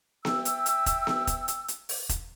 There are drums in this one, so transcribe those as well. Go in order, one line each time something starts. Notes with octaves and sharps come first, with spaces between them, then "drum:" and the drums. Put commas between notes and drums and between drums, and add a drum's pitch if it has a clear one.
E5 G5 E6, drum: snare B3
drum: hi-hat
drum: hi-hat
drum: kick E1, hi-hat
drum: snare B3
drum: kick E1, hi-hat
drum: hi-hat
drum: hi-hat
drum: open hi-hat
drum: kick E1, hi-hat